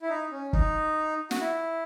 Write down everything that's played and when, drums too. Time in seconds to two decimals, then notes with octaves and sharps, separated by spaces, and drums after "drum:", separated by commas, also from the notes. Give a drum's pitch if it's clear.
0.02 E4
0.09 D#4
0.31 C#4
0.53 D#4, drum: kick
1.31 F#4, drum: snare
1.40 E4